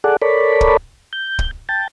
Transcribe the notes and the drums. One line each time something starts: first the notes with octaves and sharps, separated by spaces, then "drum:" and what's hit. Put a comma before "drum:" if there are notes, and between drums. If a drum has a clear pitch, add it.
G#4 A4 D5 F#5
A4 A#4 C#5 D5 B5
drum: kick
G6
drum: kick
G5 A5